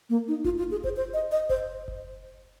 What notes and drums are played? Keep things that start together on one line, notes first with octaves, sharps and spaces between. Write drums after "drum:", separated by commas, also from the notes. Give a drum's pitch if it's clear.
A#3
D#4
F4, drum: kick F#1
F4
G#4
C5, drum: kick F#1
C5
D#5
D#5
C5, drum: kick F#1
drum: kick F#1